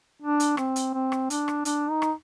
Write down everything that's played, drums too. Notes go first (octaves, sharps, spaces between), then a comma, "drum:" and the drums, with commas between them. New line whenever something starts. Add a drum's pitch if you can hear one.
D4
drum: hi-hat
C4, drum: rim click
drum: hi-hat
C4
drum: rim click
D4, drum: hi-hat
drum: rim click
D4, drum: hi-hat
D#4
drum: rim click